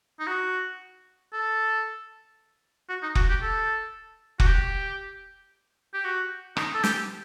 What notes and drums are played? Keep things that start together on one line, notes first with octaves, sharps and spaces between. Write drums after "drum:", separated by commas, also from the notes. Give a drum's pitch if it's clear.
D#4
F#4
A4
F#4
D#4
F#4, drum: kick F1
G4
A4
F#4, drum: kick F1
G4
G4
F#4
D#4, drum: rim click
A4
G4, drum: snare